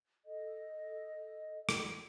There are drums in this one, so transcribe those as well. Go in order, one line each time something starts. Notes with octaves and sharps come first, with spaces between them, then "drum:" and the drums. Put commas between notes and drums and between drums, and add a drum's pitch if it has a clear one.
A4 D#5
drum: rim click